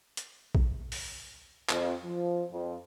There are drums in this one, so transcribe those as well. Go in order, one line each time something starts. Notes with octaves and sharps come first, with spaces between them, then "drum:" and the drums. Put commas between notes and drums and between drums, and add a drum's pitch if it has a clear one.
drum: hi-hat
drum: kick A#1
drum: open hi-hat
F2, drum: clap
F3
F2